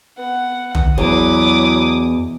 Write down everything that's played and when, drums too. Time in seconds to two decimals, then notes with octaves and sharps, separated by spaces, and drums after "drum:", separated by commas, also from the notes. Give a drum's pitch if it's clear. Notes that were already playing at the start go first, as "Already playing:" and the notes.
0.19 B3 F#5
0.75 drum: tom
0.98 E2 B2 F#3 E4 D6 D#6